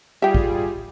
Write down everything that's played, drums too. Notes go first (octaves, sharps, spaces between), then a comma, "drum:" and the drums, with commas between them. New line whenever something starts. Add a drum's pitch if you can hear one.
G3 F4 G4 G#4 E5 G5
drum: kick